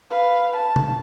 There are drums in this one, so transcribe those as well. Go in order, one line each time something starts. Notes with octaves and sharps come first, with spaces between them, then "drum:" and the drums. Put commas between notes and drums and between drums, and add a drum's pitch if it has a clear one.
B4 F5
A5
drum: tom B2